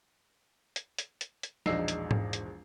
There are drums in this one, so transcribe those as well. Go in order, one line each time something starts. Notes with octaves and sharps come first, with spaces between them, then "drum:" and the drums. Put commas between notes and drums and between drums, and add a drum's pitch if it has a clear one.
drum: hi-hat
drum: hi-hat
drum: hi-hat
drum: hi-hat
E1 A#1 D4 D#4 E6 C7, drum: snare
drum: hi-hat
drum: tom G#2
drum: hi-hat